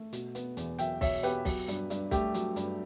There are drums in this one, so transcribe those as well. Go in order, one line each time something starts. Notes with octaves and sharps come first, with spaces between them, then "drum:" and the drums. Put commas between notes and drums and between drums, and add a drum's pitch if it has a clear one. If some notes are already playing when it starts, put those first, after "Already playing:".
Already playing: A3
B2, drum: hi-hat
B3, drum: hi-hat
E2, drum: hi-hat
F#3 E5 G5, drum: hi-hat
B2 C#5 E5, drum: kick, open hi-hat
B3 G4 B4, drum: hi-hat
F#3, drum: kick, open hi-hat
G2, drum: hi-hat
G2, drum: hi-hat
A3 G4, drum: kick, hi-hat
F#3, drum: hi-hat
G2, drum: hi-hat